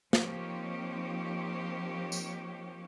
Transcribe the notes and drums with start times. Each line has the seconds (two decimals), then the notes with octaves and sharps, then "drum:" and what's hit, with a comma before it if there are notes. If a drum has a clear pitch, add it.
0.13 F3 A#3 C4 D#4 G4 C#5, drum: snare
2.12 drum: tambourine